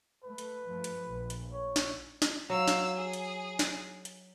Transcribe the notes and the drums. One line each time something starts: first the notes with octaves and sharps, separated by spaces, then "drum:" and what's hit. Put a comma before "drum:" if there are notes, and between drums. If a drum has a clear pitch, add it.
A3 B4
drum: hi-hat
G2 F3 A3
drum: hi-hat
A#1
drum: hi-hat
C#5
drum: snare
drum: snare
F#3 F5 E6
drum: snare
G#4
drum: hi-hat
drum: snare
drum: hi-hat